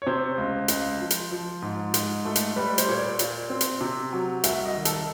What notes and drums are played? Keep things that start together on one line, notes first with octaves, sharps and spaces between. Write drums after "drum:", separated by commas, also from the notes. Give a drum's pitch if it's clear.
C#5
C3 C5
C#2
C#2, drum: hi-hat
F3
drum: hi-hat
F3
G#2
G#2, drum: hi-hat
A3
drum: hi-hat
G3 B4
C5, drum: hi-hat
A#2 C#5
D5
A#2, drum: hi-hat
C4
drum: hi-hat
C3
F#3
C2 E5, drum: hi-hat
D#5
D#3
A4, drum: hi-hat